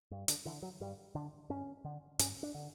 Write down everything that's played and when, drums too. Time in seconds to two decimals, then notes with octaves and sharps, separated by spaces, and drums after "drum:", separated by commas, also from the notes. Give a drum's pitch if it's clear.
0.11 G2
0.28 D3, drum: hi-hat
0.45 D3 E3
0.62 F#3
0.80 G2 G3
1.15 D3 D4
1.49 G2 C#4
1.84 D3
2.19 G2 C#4, drum: hi-hat
2.43 D4
2.54 D3